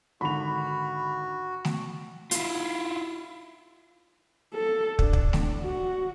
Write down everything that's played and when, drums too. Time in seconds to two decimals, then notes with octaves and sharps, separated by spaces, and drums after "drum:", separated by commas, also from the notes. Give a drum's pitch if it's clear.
0.21 G#1 D3 F#4 B5 F7
1.65 drum: snare A3
2.31 E4 F4, drum: hi-hat
4.54 A4
4.99 D4, drum: kick
5.13 drum: kick
5.33 drum: snare A3
5.61 F#4